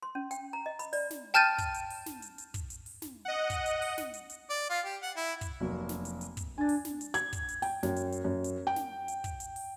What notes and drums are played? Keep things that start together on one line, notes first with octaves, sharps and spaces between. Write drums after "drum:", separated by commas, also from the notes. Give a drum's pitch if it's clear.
C6
C#4
G5, drum: hi-hat
A#5
D#5
B5, drum: hi-hat
D5, drum: open hi-hat
drum: snare
G5 A5 F6 G6 A6 D#7
drum: kick, hi-hat
drum: hi-hat
drum: open hi-hat
drum: snare
drum: hi-hat
drum: hi-hat
drum: kick, hi-hat
drum: hi-hat
drum: open hi-hat
drum: snare
D#5 F#5
drum: kick, hi-hat
drum: hi-hat
drum: open hi-hat
drum: snare
drum: hi-hat
drum: hi-hat
D5
F4
G4
F#5
E4
drum: kick, hi-hat
F1 F#3 A#3
drum: snare
drum: hi-hat
drum: hi-hat
drum: kick, hi-hat
D4 G#5 A6
drum: open hi-hat
drum: snare
drum: hi-hat
G#6, drum: hi-hat
drum: kick, hi-hat
drum: hi-hat
G5, drum: open hi-hat
F#2, drum: snare
drum: hi-hat
drum: hi-hat
F#2
drum: hi-hat
G5
drum: snare
drum: hi-hat
drum: kick, hi-hat
drum: hi-hat
drum: open hi-hat